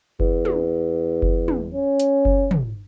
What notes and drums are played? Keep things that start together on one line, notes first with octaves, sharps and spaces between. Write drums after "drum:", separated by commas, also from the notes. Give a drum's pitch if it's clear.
E2, drum: kick F#1
drum: tom
drum: kick F#1
drum: tom
C#4
drum: hi-hat
drum: kick F#1
drum: tom